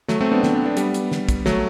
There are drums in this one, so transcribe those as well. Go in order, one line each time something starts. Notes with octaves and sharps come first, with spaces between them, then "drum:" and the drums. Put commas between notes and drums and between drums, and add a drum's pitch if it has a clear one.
F#3 A3, drum: snare
A3 C4
B3 D4
A3 C4, drum: snare
B3 D4
B3 D4
G3 B3, drum: hi-hat
drum: hi-hat
drum: snare
drum: kick, hi-hat
F#3 A3, drum: snare